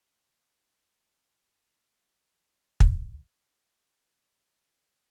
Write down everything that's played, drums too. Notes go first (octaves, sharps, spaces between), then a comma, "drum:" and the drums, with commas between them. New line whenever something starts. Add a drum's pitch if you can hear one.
A3 F#5 C7
C5
drum: kick
G#4